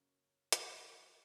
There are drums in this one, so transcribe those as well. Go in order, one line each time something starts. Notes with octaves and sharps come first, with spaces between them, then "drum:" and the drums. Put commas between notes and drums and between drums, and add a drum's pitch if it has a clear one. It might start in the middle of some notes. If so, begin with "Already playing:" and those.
Already playing: F#2 C#3 F#3 A#3 C#4
drum: hi-hat